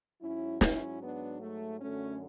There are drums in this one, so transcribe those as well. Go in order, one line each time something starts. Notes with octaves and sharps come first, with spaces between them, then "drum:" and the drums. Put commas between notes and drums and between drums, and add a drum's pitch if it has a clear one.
G#2 F#3 C#4 E4
C#4 E4, drum: snare
B3 D4
A3
F#2 D3 F#3 A3 C#4